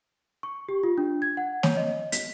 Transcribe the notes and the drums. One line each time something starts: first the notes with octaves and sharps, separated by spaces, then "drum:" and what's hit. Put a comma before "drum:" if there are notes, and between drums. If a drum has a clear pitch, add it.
C#6
G4
F4
D4
G#6
F#5
C#5, drum: snare
D#5
B6, drum: hi-hat